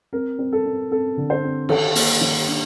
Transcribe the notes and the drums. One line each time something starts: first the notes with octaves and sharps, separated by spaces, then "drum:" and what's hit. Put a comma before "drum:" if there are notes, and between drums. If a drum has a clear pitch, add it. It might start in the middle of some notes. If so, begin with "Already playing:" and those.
C4 A#4
C4
A4
C4
C4 A4
D3
C5
C4
D#3 A4, drum: cymbal
A#3, drum: open hi-hat
D#3
D4